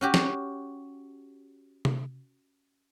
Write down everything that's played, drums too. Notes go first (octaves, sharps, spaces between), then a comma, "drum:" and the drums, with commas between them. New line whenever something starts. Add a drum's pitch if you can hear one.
C#4 F#4 G4
drum: snare
drum: tom C3